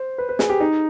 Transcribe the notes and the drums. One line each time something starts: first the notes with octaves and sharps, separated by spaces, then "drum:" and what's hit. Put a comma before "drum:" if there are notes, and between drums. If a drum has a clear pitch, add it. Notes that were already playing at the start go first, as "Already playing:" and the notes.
Already playing: C5
B4
B4
G#4, drum: snare
G4
D#4